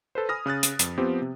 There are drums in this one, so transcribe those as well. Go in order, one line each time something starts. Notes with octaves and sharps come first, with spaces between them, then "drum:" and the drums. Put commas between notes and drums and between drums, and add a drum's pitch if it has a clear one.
A4 B4 C5
G#5 B5 D#6 F6 A#6
C#3 D#6 F#6 A6
drum: hi-hat
F2, drum: hi-hat
F3 B3 C4 G4
C3